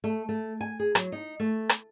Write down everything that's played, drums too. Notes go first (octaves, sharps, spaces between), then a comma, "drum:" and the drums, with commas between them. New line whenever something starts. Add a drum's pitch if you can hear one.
A3
A3
G#5
G#4
F#3, drum: rim click
D#4
A3
drum: rim click